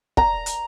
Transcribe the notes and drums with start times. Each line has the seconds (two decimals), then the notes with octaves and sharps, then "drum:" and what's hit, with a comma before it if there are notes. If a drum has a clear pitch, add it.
0.17 A#5, drum: kick
0.46 drum: hi-hat